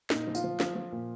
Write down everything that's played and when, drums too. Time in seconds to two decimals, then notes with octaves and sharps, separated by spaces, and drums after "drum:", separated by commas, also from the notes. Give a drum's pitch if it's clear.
0.10 A#2 D#4, drum: snare
0.27 F3
0.35 F4, drum: tambourine
0.44 F3
0.60 F3, drum: snare
0.75 F3
0.92 A#2